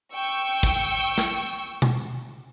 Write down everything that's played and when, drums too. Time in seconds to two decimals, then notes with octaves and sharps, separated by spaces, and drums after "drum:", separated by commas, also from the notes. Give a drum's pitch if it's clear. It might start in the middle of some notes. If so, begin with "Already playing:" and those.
0.14 G5 C#6 E6
0.63 drum: kick
1.18 drum: snare
1.82 drum: tom B2